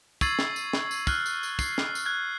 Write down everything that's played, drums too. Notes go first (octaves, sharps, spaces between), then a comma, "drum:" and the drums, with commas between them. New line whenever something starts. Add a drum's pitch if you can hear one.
C#6 E6 G#6 A6 C7 F#7, drum: kick, tambourine
drum: snare
drum: tambourine
drum: snare
drum: tambourine
F6 F#6, drum: kick, tambourine
drum: tambourine
drum: tambourine
C7, drum: kick, tambourine
drum: snare
drum: tambourine
F#6 G#6